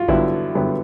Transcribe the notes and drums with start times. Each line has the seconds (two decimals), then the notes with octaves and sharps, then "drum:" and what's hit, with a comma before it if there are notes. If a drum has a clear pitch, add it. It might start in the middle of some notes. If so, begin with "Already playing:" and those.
Already playing: F4 F#4
0.08 G2 D3 F#3 B3 E4, drum: kick A1
0.55 G2 D3 F#3 B3